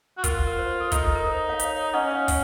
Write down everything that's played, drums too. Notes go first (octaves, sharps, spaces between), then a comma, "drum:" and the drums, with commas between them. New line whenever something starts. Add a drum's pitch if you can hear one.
F#4
F4 A#4, drum: kick, hi-hat
A#4
C5
C5
A4
D#4 A4, drum: kick, hi-hat
A4
A#4
C5
C#5 F5
C#5 F5, drum: hi-hat
C#4 D#5 F#5
C#5 F5
drum: kick, open hi-hat